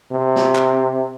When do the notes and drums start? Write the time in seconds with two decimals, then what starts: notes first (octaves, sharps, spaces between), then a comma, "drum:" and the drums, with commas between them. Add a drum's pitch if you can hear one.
0.12 C3
0.36 drum: snare
0.55 drum: clap